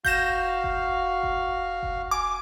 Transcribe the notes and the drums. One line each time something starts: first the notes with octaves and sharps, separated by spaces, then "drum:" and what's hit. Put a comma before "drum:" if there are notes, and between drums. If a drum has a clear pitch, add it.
F#4 F5 G6 A#6 E7, drum: kick F1
drum: kick F1
drum: kick F1
drum: kick F1
G#5 D6